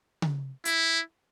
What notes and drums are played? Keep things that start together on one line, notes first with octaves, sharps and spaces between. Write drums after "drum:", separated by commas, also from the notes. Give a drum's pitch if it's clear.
drum: tom C#3
E4, drum: hi-hat